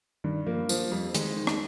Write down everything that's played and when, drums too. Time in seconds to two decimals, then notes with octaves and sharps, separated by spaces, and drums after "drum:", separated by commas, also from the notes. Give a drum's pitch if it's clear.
0.24 G2 D#3
0.47 F3 A#3
0.69 F3 G3, drum: tambourine
0.91 F2 G3
1.14 D#3 G#3, drum: hi-hat
1.36 D#3
1.47 drum: rim click